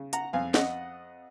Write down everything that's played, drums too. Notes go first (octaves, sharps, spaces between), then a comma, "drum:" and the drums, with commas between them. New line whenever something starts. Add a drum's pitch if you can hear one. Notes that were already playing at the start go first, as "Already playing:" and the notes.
Already playing: C#3
F#5 A#5, drum: hi-hat
F2 F5 G#5
D#5 F#5, drum: snare